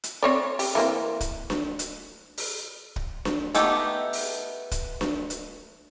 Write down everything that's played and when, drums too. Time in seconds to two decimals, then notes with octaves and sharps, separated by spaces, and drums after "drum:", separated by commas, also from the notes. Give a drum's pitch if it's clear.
0.04 drum: hi-hat
0.23 C4 C#5 D5
0.59 G4, drum: open hi-hat
0.75 E3 A#3 C4
1.21 drum: kick, hi-hat
1.50 drum: snare D4
1.79 drum: hi-hat
2.38 drum: open hi-hat
2.96 drum: kick
3.25 drum: snare D4
3.54 A3 B3 D#4 G4 E5, drum: hi-hat
4.13 drum: open hi-hat
4.71 drum: kick, hi-hat
5.01 drum: snare D4
5.30 drum: hi-hat